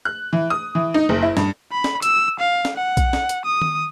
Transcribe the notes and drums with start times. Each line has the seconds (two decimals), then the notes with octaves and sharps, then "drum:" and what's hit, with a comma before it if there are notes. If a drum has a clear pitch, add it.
0.05 F#6
0.33 E3
0.50 D#6
0.75 E3
0.94 D#4
1.09 F#1
1.22 E4
1.37 G2, drum: snare
1.72 B5
1.84 drum: snare
2.02 E6, drum: hi-hat
2.40 F5
2.65 drum: snare
2.77 F#5
2.97 drum: kick B1, hi-hat
3.13 drum: snare
3.29 drum: hi-hat
3.45 D#6
3.62 drum: tom D#3